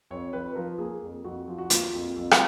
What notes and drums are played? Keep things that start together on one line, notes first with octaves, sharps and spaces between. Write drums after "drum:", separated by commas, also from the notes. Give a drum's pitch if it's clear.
F2 C#5
F2 B4
F3 A#4
A#3 G#4
F2
F2 F#4
F3
F#4
A#3 F4, drum: hi-hat
F2
F2
drum: rim click